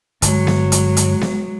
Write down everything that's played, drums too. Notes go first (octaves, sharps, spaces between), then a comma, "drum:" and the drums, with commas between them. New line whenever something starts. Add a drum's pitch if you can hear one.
G1 F#3 G#3, drum: hi-hat
drum: snare B3
drum: hi-hat
drum: hi-hat
drum: snare B3